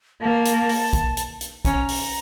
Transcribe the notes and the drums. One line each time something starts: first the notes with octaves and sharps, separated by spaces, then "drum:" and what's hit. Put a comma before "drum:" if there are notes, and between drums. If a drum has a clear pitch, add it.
A#3 A5
drum: hi-hat
drum: open hi-hat
drum: kick B1, hi-hat
drum: hi-hat
drum: hi-hat
C#4 A#5, drum: kick B1, hi-hat
drum: open hi-hat